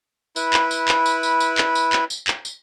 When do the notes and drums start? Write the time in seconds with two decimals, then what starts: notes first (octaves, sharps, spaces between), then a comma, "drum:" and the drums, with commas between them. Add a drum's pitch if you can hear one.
0.36 E4 B4, drum: tambourine
0.53 drum: clap
0.71 drum: tambourine
0.88 drum: clap
1.06 drum: tambourine
1.23 drum: tambourine
1.40 drum: tambourine
1.58 drum: clap
1.75 drum: tambourine
1.93 drum: clap
2.10 drum: tambourine
2.28 drum: clap
2.45 drum: tambourine